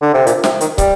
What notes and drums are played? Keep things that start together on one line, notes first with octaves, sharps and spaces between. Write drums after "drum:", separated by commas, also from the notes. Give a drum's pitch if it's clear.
D3
C3
A#2, drum: hi-hat
C3, drum: snare
D#3, drum: hi-hat
G3, drum: kick, hi-hat